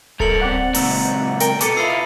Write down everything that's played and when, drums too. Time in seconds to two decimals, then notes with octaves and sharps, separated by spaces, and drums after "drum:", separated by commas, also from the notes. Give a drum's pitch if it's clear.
0.20 C2 G2 A4 A#4 A#5 A6 C#7 F#7, drum: kick D1
0.41 C4 D5 F#5
0.74 C#2 A#2 D#4 A#5 E6, drum: open hi-hat
1.40 A#4 G5, drum: hi-hat
1.61 B2 A4 A5 D6 C#7 D#7, drum: hi-hat
1.77 E4 F4 B4 D5 D#5 E6 C7